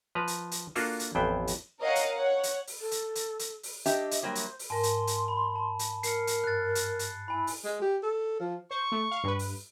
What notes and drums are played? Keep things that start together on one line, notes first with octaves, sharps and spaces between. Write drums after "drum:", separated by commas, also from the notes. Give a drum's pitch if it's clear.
F3 B4 A#5
drum: hi-hat
drum: hi-hat
A#3 D4 F4 F#4 A4, drum: open hi-hat
drum: hi-hat
A1 F2 E3 B3 C5 G5
drum: hi-hat
A#4 C#5 D#5 F5 F#5
drum: hi-hat
C#5 F#5
drum: hi-hat
drum: open hi-hat
A4
drum: hi-hat
drum: hi-hat
drum: hi-hat
drum: open hi-hat
D4 G4 D#5 E5, drum: hi-hat
drum: hi-hat
F#3 G3 A#3 C5
drum: hi-hat
drum: open hi-hat
G#2 A#4 G#5 A5 C6
drum: hi-hat
drum: hi-hat
B5
A5
drum: hi-hat
A#4 C7 C#7, drum: hi-hat
drum: hi-hat
G2 F#6 A6
drum: hi-hat
drum: hi-hat
E4 G#5 B5
drum: open hi-hat
G#3
G4
A4
F3
C5 C#6
A3
F5
G2 B4
drum: open hi-hat